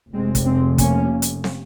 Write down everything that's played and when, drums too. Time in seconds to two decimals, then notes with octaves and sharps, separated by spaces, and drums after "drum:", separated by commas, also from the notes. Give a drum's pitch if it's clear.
0.13 F1 F2 C3 G#3 C4
0.35 drum: kick, hi-hat
0.46 G#3 C4
0.78 A#3 C#4, drum: kick, hi-hat
1.22 drum: hi-hat
1.44 drum: snare